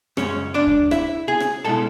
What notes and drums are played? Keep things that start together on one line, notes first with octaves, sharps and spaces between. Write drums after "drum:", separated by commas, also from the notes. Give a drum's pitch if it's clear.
F#2 C#3 G#3 C#4 C#5, drum: rim click
D4 D5
drum: kick
E4 E5, drum: rim click
G#4 G#5
drum: rim click
B2 G#3 C#4 E4 A4 A5